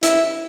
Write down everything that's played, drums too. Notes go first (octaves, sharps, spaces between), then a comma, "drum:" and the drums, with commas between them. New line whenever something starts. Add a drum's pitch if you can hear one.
E4, drum: hi-hat